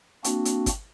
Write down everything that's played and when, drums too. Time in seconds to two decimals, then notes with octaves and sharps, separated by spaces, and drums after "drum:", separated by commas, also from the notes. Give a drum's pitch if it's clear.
0.24 A#3 C4 D4 F#4, drum: hi-hat
0.45 drum: hi-hat
0.66 drum: kick G1, hi-hat